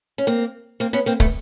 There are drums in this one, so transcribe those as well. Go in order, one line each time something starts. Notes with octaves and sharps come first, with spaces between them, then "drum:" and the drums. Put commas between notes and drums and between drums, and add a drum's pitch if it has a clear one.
C#4
A#3 C4
A#3 C4
B3 C#4
A#3 C4
A3 B3, drum: kick